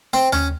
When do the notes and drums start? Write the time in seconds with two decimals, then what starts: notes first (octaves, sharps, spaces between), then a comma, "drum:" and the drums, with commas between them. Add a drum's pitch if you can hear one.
0.13 C4
0.33 C#4, drum: tom D#2